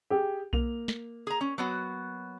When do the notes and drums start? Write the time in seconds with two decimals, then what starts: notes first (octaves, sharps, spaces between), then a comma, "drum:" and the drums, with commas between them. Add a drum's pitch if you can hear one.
0.10 G4 G#4
0.53 A#3 F7, drum: kick B1
0.88 drum: snare
1.27 G#4 A#5
1.41 C#4
1.58 F#3 B3 F#4